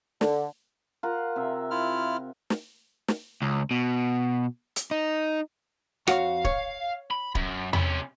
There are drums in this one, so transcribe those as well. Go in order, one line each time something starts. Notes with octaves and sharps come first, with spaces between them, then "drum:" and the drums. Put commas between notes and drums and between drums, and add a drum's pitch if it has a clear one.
D3, drum: snare
F4 A#4 F#5
C3 E5
E4 F4 F6
drum: snare
drum: snare
C#2
B2
drum: hi-hat
D#4
F2 F#4 C#5 F5, drum: rim click
C#5, drum: kick D1
B5
F#2, drum: kick D1
C3 C#4 B5, drum: tom E2